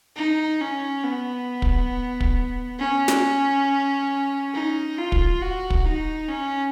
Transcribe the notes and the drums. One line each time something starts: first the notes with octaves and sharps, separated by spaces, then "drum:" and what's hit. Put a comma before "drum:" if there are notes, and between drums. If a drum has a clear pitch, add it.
D#4
C#4
B3
drum: kick
drum: kick
C#4
drum: snare
D#4
F4
drum: kick
F#4
drum: kick
D#4
C#4